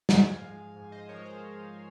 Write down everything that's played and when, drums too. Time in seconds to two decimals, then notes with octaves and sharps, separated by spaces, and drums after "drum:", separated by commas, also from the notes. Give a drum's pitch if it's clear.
0.09 G#2 F5 G#5, drum: snare
0.43 F3 G#3
0.76 G#2
0.92 C5 D#5
1.09 F3 G#3 A#4 C#5
1.25 G#4 C5